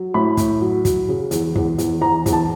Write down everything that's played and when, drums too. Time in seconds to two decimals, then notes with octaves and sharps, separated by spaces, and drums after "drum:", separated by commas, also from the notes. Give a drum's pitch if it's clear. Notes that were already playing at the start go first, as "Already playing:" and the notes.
Already playing: F#3
0.14 A2 B5
0.37 A2, drum: kick, hi-hat
0.61 F#3
0.85 F#3, drum: kick, hi-hat
1.09 C#3
1.31 E2, drum: hi-hat
1.56 E2, drum: kick
1.78 E2, drum: hi-hat
2.01 E2 A#5
2.26 E2, drum: kick, hi-hat
2.33 A5